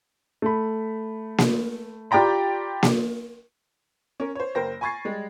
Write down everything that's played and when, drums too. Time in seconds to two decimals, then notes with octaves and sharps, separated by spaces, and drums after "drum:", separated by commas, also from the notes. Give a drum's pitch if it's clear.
0.42 A3 B5
1.38 drum: snare A#3
2.11 F4 G4 D5 G5 A#5 B5
2.83 drum: snare A#3
4.20 C#4 A#4
4.35 C5 C#5
4.55 F#1 A#4 C5 G5 A#6
4.81 G#5 B5 C#6 G#6 A6 C7
5.05 G3 G#3